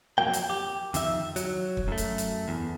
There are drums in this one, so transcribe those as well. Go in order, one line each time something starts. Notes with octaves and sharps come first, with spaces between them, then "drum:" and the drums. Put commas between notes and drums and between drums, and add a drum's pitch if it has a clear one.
F2 F3 F#3 A#3 G5
drum: hi-hat
G4
F2 D#3 E5, drum: hi-hat
F#3, drum: hi-hat
drum: kick
F#2 A3
drum: hi-hat
drum: hi-hat
E2